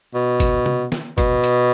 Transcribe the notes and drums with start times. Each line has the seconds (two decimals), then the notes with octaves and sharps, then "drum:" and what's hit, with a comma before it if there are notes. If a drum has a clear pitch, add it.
0.14 B2
0.40 drum: kick G1, hi-hat
0.66 drum: tom C3
0.92 drum: snare
1.18 B2, drum: kick G1, hi-hat
1.44 drum: hi-hat